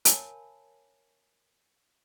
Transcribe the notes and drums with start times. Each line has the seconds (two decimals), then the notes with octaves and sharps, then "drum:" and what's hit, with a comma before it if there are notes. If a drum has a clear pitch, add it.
0.05 A#4 C#5 F5 G#5 A5 B5, drum: hi-hat